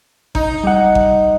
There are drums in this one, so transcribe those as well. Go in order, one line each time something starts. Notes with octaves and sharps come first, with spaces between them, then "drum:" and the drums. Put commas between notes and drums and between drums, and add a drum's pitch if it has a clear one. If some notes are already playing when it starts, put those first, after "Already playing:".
D#4, drum: kick G#1
G3 F#5
drum: kick G#1